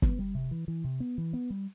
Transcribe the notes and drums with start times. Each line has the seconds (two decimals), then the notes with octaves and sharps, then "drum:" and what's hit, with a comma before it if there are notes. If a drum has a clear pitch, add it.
0.02 B3, drum: kick
0.19 G3
0.35 C3
0.51 E3
0.68 E3
0.84 C3
1.00 B3
1.18 E3
1.33 B3
1.50 G3